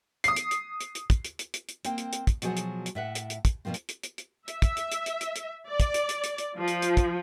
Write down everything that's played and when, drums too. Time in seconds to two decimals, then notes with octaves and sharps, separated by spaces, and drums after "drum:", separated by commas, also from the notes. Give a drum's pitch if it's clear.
0.24 D#6 C7, drum: hi-hat
0.36 drum: hi-hat
0.51 drum: hi-hat
0.80 drum: hi-hat
0.95 drum: hi-hat
1.10 drum: kick, hi-hat
1.25 drum: hi-hat
1.39 drum: hi-hat
1.54 drum: hi-hat
1.69 drum: hi-hat
1.85 A#3 C4 G5, drum: hi-hat
1.98 drum: hi-hat
2.13 drum: hi-hat
2.27 drum: kick, hi-hat
2.42 B2 F3 F#3 G#4 C5 F#5, drum: hi-hat
2.57 drum: hi-hat
2.86 drum: hi-hat
2.95 A2 E5 F#5
3.15 drum: hi-hat
3.30 drum: hi-hat
3.45 drum: kick, hi-hat
3.65 B2 D#3 F3 A#3 C4
3.74 drum: hi-hat
3.89 drum: hi-hat
4.03 drum: hi-hat
4.18 drum: hi-hat
4.48 E5, drum: hi-hat
4.62 drum: kick, hi-hat
4.77 drum: hi-hat
4.92 drum: hi-hat
5.06 drum: hi-hat
5.21 drum: hi-hat
5.36 drum: hi-hat
5.69 D5
5.80 drum: kick, hi-hat
5.94 drum: hi-hat
6.09 drum: hi-hat
6.24 drum: hi-hat
6.38 drum: hi-hat
6.58 F3
6.68 drum: hi-hat
6.82 drum: hi-hat
6.97 drum: kick, hi-hat